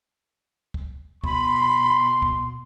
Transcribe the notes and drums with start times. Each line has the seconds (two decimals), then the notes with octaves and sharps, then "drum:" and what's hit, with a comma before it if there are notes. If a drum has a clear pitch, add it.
0.74 drum: kick
1.24 B2 B5 C6, drum: kick
2.22 drum: kick